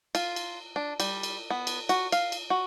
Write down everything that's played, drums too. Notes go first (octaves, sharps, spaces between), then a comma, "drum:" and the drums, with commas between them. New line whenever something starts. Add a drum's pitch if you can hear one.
F4, drum: cymbal
drum: cymbal
D4
G3, drum: cymbal
drum: cymbal
B3
drum: cymbal
F#4, drum: cymbal
F5, drum: cymbal
drum: cymbal
F#4